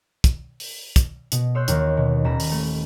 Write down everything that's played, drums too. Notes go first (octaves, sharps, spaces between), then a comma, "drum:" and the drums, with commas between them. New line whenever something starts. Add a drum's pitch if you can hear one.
drum: kick, hi-hat
drum: open hi-hat
drum: kick, hi-hat
B2, drum: hi-hat
C#5 C6 E6 F#6 G6
D#2 D#3, drum: hi-hat
B2
D#1 A#5 B5 E7
drum: open hi-hat
A3